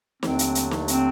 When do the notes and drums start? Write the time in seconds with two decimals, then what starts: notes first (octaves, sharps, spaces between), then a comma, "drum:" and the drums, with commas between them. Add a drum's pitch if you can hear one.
0.23 D#2 D3 F#3 A3 C4 D4, drum: snare
0.39 drum: hi-hat
0.55 drum: hi-hat
0.71 drum: snare
0.88 C4, drum: hi-hat